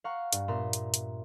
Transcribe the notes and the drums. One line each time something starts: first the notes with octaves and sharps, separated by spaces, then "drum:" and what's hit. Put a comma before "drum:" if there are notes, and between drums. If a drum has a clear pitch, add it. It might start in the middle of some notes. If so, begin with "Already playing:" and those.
F5 F#5 A#5 C#6
G2, drum: hi-hat
A#2 B3 E5 A#5 C6
drum: hi-hat
drum: hi-hat